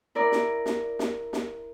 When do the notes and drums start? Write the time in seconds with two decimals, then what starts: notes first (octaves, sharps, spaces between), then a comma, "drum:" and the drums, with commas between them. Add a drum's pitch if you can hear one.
0.15 E4 A#4 D5
0.32 drum: snare
0.66 drum: snare
0.99 drum: snare
1.33 drum: snare